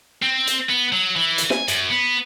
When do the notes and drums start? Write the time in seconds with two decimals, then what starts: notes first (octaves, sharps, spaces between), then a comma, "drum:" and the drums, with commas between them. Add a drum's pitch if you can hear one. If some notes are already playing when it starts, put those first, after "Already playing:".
0.23 C4
0.47 drum: hi-hat
0.70 B3
0.93 F#3
1.16 E3
1.38 drum: hi-hat
1.50 G#5, drum: snare
1.68 F#2, drum: hi-hat
1.89 B3